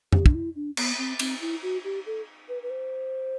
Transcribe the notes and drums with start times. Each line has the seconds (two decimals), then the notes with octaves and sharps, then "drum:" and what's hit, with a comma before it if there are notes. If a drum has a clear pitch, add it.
0.12 G4, drum: tom F2
0.26 D4, drum: kick
0.34 E4
0.56 D4
0.77 B3, drum: cymbal
0.98 C4
1.19 C4, drum: cymbal
1.41 E4
1.63 F#4
1.84 G4
2.06 A4
2.49 B4
2.63 B4
2.70 C5